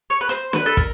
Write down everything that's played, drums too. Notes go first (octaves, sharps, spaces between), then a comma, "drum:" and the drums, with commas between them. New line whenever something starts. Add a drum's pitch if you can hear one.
C#5
B4
C5, drum: hi-hat
B4, drum: snare
A4
A#4, drum: kick